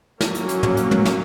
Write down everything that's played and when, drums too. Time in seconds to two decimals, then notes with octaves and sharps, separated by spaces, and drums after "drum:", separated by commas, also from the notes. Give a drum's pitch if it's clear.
0.21 F#3 A#3 C#4, drum: snare
0.35 drum: hi-hat
0.49 drum: hi-hat
0.63 drum: tom
0.77 drum: hi-hat
0.91 drum: tom
1.05 drum: snare